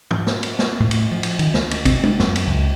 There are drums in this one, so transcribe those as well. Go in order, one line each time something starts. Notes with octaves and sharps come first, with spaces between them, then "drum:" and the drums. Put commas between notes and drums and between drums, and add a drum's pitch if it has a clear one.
drum: tom
drum: snare
drum: cymbal
drum: snare
A2
drum: cymbal
F3
drum: cymbal
D#3, drum: cymbal
D2, drum: snare
drum: cymbal
C4, drum: kick, cymbal
drum: tom
F#2, drum: snare
drum: cymbal
C#2